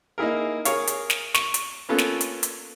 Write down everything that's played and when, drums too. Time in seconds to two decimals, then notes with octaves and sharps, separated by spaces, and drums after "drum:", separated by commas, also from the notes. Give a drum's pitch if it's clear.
0.18 A#3 D#4 E4 G#4 A#4
0.65 G#4 A#4 C#5 F5, drum: hi-hat
0.87 drum: hi-hat
1.10 drum: snare
1.34 C#6, drum: snare
1.54 drum: hi-hat
1.89 A#3 B3 C#4 F4 A4
1.98 drum: snare
2.21 drum: hi-hat
2.43 drum: hi-hat